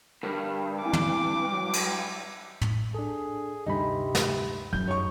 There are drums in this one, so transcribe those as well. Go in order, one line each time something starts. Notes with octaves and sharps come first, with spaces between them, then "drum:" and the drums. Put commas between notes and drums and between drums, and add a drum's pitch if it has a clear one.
G2 D3 G3 A#4
C4 E4 G#5 D6
drum: tom
F#3
drum: cymbal
drum: tom
D4 G#4 A4
D2 G2 C3 D#4 B5
drum: snare
F#2 C#4 G6
D#4 C#5 C#6